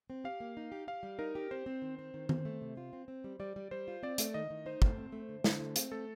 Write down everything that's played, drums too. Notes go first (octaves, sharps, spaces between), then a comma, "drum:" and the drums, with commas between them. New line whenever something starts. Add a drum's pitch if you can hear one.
C4
G4 F5
A#3
D#4
G4
G4 F5
G3
D#4 A#4
G4
C4 C5
C4
D#3
C4
D#3
C4, drum: tom D#3
A3
C3
F4
C4
C4
G3
G3 D5
G3
G3 C5
F4
C4 D5
A3, drum: hi-hat
D#3 D#5
D#3
D#4 C5
A3, drum: kick
C4
A3
D3
D3, drum: snare
A3
C4, drum: hi-hat
A3 A4